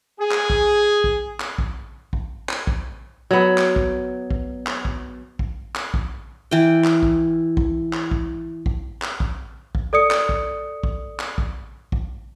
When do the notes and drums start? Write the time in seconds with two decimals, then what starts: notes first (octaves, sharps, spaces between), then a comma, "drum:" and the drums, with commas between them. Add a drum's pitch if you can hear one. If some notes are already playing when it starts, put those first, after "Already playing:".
0.19 G#4
0.31 drum: clap
0.50 drum: kick A#1
1.04 drum: kick A#1
1.40 drum: clap
1.58 drum: kick A#1
2.13 drum: kick A#1
2.49 drum: clap
2.67 drum: kick A#1
3.31 F#3 B3
3.58 drum: clap
3.76 drum: kick A#1
4.31 drum: kick A#1
4.67 drum: clap
4.85 drum: kick A#1
5.39 drum: kick A#1
5.76 drum: clap
5.94 drum: kick A#1
6.51 E3 G5
6.84 drum: clap
7.03 drum: kick A#1
7.57 drum: kick A#1
7.93 drum: clap
8.11 drum: kick A#1
8.66 drum: kick A#1
9.02 drum: clap
9.20 drum: kick A#1
9.75 drum: kick A#1
9.93 A4 D5 D#6 C#7
10.11 drum: clap
10.29 drum: kick A#1
10.83 drum: kick A#1
11.20 drum: clap
11.38 drum: kick A#1
11.92 drum: kick A#1